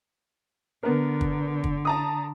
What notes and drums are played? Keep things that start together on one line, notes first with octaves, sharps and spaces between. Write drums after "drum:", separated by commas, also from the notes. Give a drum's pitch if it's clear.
D3 B3 A#4
drum: kick
drum: kick
A5 A#5 D#6